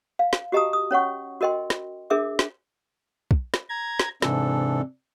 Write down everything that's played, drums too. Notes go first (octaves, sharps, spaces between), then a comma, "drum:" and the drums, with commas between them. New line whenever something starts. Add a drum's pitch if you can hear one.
F5
drum: snare
F#4 G4 D#5 A5 A#5 D#6
D#6
C#4 C#5 F#5 C#6
F#4 A#4 D#5 G5 C6
drum: snare
D4 G#4 A#4 E5 D6
drum: snare
drum: kick
drum: snare
A#5 G#6
drum: snare
G#2 C3 E3 D4 A4, drum: snare